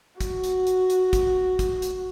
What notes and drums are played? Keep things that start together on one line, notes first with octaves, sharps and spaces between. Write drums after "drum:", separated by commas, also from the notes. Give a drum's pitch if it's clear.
F#4, drum: kick, hi-hat
drum: hi-hat
drum: hi-hat
drum: hi-hat
drum: kick, hi-hat
drum: kick, hi-hat
drum: hi-hat